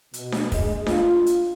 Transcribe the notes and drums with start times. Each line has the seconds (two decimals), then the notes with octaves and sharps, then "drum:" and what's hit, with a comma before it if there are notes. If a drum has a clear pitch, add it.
0.14 B2, drum: hi-hat
0.32 drum: snare D4
0.52 G#3, drum: kick, open hi-hat
0.86 F4, drum: snare D4
1.26 drum: hi-hat